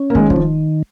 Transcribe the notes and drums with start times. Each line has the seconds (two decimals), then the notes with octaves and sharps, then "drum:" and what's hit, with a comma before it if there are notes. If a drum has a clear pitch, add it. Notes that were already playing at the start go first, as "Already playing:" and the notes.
Already playing: C#4
0.10 A#3
0.15 D#3 G#3, drum: kick
0.30 F3, drum: kick
0.36 D#3